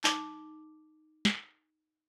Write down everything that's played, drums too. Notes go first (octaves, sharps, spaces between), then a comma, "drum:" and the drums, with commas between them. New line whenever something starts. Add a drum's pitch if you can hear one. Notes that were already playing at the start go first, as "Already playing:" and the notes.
D#4 D6, drum: clap
drum: snare